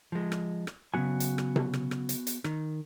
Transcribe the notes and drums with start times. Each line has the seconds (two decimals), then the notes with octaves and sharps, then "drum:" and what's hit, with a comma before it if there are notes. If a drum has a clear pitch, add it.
0.12 F3 G#3
0.32 drum: rim click
0.67 drum: rim click
0.94 C#3 F#3 B3 F#4 G#5
1.20 drum: hi-hat
1.38 drum: rim click
1.56 drum: tom C3
1.73 drum: rim click
1.91 drum: rim click
2.09 drum: hi-hat
2.27 drum: hi-hat
2.44 D#3, drum: rim click